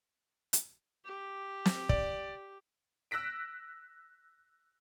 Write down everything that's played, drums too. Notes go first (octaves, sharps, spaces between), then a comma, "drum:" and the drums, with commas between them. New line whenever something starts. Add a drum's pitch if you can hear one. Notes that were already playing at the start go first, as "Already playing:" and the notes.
drum: hi-hat
G4
drum: snare
D5, drum: kick
E6 F#6 A#6 B6 D7